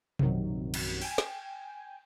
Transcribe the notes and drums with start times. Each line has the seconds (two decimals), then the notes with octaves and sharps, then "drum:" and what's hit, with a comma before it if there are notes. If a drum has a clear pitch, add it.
0.19 A#1 F#2 C3 D#3 F#3, drum: tom B2
0.74 drum: cymbal
1.02 G5 G#5, drum: open hi-hat
1.18 drum: snare